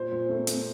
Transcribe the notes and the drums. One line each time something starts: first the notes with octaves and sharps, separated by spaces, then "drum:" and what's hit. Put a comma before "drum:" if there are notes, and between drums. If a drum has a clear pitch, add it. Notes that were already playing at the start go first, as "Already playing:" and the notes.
Already playing: A#2 C5
A#2
A3
A3, drum: hi-hat